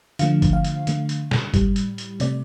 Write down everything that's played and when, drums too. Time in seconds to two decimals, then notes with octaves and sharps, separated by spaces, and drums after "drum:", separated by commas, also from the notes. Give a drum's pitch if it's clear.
0.19 D3 F3 A3 F5, drum: hi-hat
0.42 drum: kick, hi-hat
0.53 F5
0.65 drum: hi-hat
0.87 D3 A3, drum: hi-hat
1.09 drum: hi-hat
1.31 drum: snare
1.54 A2 G3, drum: kick, hi-hat
1.76 drum: hi-hat
1.98 drum: hi-hat
2.20 C3 A3 D5, drum: hi-hat